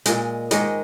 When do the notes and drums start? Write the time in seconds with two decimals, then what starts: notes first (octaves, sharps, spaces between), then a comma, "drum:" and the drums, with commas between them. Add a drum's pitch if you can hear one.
0.06 A#2 G#3 D#5, drum: hi-hat
0.51 G#2 D#3 G#3 D#5, drum: hi-hat